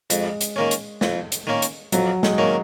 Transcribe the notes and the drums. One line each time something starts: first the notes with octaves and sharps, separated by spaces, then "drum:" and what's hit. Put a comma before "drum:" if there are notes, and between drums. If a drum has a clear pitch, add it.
F2 G#3, drum: hi-hat
drum: hi-hat
D#3 A#3 C#4
drum: hi-hat
F2, drum: snare
drum: hi-hat
D#3 A#3 C#4
drum: hi-hat
F2 F#3, drum: hi-hat
G#3, drum: snare
D#3 A#3 C#4